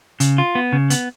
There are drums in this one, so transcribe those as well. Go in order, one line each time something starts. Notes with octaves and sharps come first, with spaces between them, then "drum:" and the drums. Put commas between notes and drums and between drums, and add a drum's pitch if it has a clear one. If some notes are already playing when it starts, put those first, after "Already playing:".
C#3, drum: hi-hat
F4
B3
C#3
B3, drum: hi-hat